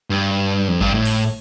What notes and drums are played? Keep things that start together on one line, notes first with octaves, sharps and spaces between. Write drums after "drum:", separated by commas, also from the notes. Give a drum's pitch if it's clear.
G2
F2
G2, drum: kick G#1
A2
drum: cymbal